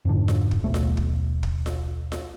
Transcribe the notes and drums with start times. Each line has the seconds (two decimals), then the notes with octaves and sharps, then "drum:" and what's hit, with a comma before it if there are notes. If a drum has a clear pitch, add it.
0.05 F2 G#2 D3 D4
0.28 drum: snare F4
0.51 drum: kick
0.63 D#1 B1 A3
0.74 drum: snare F4
0.97 drum: kick
1.43 drum: kick
1.66 drum: snare F4
2.12 drum: snare F4